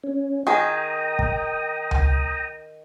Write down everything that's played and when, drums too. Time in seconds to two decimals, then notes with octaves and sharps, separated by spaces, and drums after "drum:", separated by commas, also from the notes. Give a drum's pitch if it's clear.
0.04 C#4
0.47 D#3 G#4 G5 A#5 D#6
1.19 drum: kick
1.91 drum: tom C#2